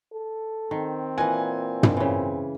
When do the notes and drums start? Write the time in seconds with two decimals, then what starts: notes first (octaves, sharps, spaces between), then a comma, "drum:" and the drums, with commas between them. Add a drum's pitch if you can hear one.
0.13 A4
0.71 D#3 C4
1.18 A#2 E3 D#5 F#5 G#5
1.83 drum: tom
1.97 C#3 E3